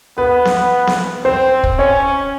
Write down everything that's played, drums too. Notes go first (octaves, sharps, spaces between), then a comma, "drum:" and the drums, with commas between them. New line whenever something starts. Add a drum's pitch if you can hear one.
B3 B4
drum: snare B3
drum: snare B3
C4 C5
drum: kick
C#4 C#5